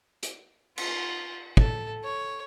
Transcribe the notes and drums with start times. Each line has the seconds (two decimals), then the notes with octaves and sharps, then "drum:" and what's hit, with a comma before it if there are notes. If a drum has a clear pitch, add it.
0.23 drum: hi-hat
0.78 F4, drum: cymbal
1.57 A4, drum: kick
2.04 C#5